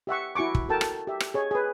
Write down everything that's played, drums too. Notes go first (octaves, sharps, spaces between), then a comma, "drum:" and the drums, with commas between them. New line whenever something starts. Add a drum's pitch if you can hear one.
G4 E5 F#5 C#6
E4 F#4 G#5 C#6 D6
drum: kick
F#4 A4 A#4 G5 A5
drum: rim click
G4 E5
drum: rim click
G#4 C#5 D#5
G#4 B4